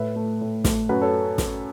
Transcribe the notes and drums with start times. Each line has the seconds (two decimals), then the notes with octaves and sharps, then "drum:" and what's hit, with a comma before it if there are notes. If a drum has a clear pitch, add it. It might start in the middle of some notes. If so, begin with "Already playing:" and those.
Already playing: A2 B4 E5
0.16 A3
0.41 A2
0.64 A3, drum: snare
0.89 F#2 F#4 B4
1.01 A4 C#5
1.38 drum: snare